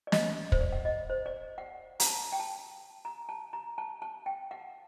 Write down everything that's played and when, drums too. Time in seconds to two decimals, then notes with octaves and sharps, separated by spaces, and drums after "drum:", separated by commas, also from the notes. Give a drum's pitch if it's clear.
0.07 D5
0.12 D#5, drum: snare
0.52 C5, drum: kick
0.61 D5
0.72 F#5
0.85 D#5
1.10 C5
1.26 D5
1.58 F#5
2.00 A#5, drum: hi-hat
2.06 A5
2.32 G5
2.40 A5
3.05 A#5
3.29 A5
3.53 A#5
3.78 A5
4.02 A5
4.26 G5
4.51 F#5